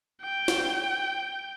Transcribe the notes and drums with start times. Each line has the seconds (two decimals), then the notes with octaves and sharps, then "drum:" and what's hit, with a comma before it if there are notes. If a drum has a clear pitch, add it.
0.22 G5
0.48 drum: snare